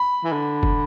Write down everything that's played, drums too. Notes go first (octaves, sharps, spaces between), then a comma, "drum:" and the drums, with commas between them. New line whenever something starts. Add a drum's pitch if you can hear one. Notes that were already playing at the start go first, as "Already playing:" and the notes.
Already playing: B5
E3
D3
drum: kick